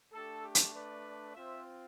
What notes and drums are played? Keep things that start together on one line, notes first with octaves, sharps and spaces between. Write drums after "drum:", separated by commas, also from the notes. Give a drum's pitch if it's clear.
A3 D4 G4 A4
G4
drum: hi-hat
B4 D5
C4 F4 C5 E5